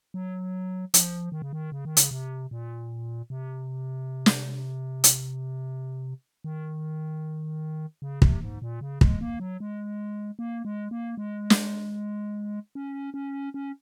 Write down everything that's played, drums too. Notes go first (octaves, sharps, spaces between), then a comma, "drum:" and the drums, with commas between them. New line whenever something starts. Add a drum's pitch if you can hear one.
F#3
F3, drum: hi-hat
D#3
C#3
D#3
C#3
D#3
C#3, drum: hi-hat
C3
A#2
C3
drum: snare
drum: hi-hat
D#3
C#3
C3, drum: kick
G#2
A#2
C#3
G#3, drum: kick
A#3
F#3
G#3
A#3
G#3
A#3
G#3
drum: snare
C#4
C#4
C#4